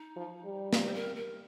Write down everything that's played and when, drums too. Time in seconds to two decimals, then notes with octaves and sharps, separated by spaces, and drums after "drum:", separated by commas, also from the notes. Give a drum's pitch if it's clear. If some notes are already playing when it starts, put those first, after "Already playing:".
Already playing: D#4
0.16 F3
0.45 G3
0.73 D#4, drum: snare
0.87 C5
0.94 A#4
1.15 A#4